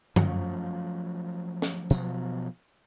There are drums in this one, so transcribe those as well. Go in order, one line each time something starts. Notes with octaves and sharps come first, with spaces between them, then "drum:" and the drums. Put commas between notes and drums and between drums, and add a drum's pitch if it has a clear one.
F3 F#3 A3 C#4, drum: tom F#2
drum: snare
B2 F3 F#3, drum: tambourine